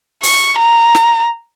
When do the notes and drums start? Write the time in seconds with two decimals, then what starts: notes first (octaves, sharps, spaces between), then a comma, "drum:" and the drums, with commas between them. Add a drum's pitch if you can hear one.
0.23 C#6, drum: open hi-hat
0.59 A#5
0.95 drum: snare